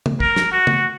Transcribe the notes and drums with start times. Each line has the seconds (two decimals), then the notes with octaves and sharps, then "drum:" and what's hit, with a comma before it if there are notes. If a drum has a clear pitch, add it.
0.06 drum: tom
0.20 A#4, drum: kick
0.36 drum: snare
0.52 F#4
0.67 drum: tom